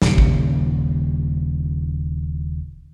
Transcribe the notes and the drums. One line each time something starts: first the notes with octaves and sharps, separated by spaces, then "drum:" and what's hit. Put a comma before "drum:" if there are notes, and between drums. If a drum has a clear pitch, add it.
D#1 C#3, drum: snare
drum: kick A1